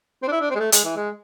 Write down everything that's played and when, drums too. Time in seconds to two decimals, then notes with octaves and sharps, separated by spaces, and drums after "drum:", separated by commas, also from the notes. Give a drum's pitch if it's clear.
0.23 C4
0.28 D4
0.32 E4
0.41 D4
0.51 C4
0.55 G#3
0.60 A3
0.72 G#3, drum: hi-hat
0.84 E3
0.96 G#3